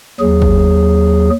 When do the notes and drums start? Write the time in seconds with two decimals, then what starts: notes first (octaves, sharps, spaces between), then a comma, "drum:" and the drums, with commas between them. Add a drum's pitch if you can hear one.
0.20 D#2 F#3 G#4
0.42 drum: kick